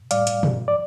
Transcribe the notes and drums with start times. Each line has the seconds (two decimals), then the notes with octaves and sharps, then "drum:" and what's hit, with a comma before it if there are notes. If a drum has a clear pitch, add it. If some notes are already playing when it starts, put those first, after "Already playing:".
0.11 A2 G3 D5 F5, drum: hi-hat
0.27 drum: hi-hat
0.43 G2 F3, drum: tom
0.68 D5